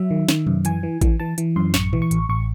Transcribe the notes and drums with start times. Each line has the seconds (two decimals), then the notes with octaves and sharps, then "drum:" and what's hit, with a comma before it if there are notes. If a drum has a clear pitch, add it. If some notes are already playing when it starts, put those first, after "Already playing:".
Already playing: F#3 E5
0.11 D#3
0.29 D#3, drum: snare
0.47 F#2, drum: tom B2
0.65 E3 G#5, drum: hi-hat
0.83 E3
1.01 E3, drum: kick A1, hi-hat
1.20 E3 A5
1.38 E3, drum: hi-hat
1.56 F#2 C6
1.74 A1 C#6, drum: snare
1.93 E3, drum: tom A#2
2.02 C#6
2.11 A1, drum: hi-hat
2.29 A1 C#6